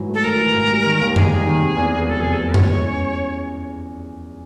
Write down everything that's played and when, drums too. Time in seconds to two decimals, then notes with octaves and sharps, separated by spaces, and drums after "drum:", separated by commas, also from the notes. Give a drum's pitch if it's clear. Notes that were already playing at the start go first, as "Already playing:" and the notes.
Already playing: G#2 E3 F#3
0.09 A3
0.14 A4
0.24 G#1 A#4
0.40 E3
0.54 G#2
0.70 G3
0.85 D#3
1.01 D#2
1.16 D#2 G#4, drum: tom F2
1.31 G3 G#4
1.47 D#3
1.62 C3
1.77 E2
1.93 E3
2.08 F1 A4
2.20 C3 G#4
2.33 A4
2.39 E2
2.54 G#3 C#5, drum: tom F2
2.70 E3
2.85 C#4